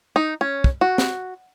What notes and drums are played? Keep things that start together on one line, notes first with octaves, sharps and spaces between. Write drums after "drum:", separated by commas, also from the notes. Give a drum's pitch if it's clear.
D#4
C#4
drum: kick
F#4
drum: snare